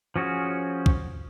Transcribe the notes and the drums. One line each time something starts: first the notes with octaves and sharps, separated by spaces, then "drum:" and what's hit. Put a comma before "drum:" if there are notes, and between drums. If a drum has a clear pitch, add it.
F3 C#4 F#4 G#4
drum: kick